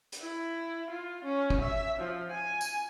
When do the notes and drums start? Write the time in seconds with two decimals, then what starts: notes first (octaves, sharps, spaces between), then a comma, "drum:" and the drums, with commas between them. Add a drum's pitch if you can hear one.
0.12 drum: hi-hat
0.23 E4
0.90 F4
1.25 C#4
1.50 drum: kick
1.61 E5
1.99 F3
2.31 G#5
2.61 drum: tambourine